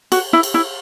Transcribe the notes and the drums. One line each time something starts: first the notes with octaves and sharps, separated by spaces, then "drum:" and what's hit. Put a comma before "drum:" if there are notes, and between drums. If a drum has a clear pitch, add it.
F#4, drum: cymbal
E4
drum: cymbal
E4